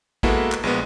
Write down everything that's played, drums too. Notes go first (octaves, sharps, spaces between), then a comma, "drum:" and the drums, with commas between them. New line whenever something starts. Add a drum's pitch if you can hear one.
G#3 A#3 B3 E4 F#4 A4, drum: kick
drum: clap
A#1 G#3 B3